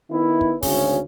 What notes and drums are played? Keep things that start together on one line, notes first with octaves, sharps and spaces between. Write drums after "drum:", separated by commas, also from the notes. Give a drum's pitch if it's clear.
D#3 B3 E4
drum: kick
G#1 D2 C#3 C#4, drum: kick, open hi-hat